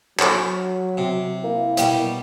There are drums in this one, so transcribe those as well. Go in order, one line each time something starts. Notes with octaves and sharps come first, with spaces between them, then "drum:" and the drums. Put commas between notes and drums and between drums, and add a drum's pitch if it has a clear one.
F#3 B5, drum: clap
C3
A#3 E4
B2 G3 G4, drum: hi-hat